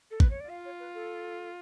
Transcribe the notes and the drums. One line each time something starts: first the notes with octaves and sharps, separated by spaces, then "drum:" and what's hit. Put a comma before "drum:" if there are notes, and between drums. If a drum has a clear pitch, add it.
A4
B4, drum: kick A1
C#5
D5
F4 F5
C#5
B4
A4